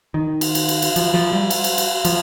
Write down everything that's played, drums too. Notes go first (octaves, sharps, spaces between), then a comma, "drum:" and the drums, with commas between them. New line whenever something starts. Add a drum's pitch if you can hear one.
D#3
drum: cymbal
drum: cymbal
drum: cymbal
drum: cymbal
F3, drum: cymbal
F3
G3
drum: cymbal
drum: cymbal
drum: cymbal
F3, drum: cymbal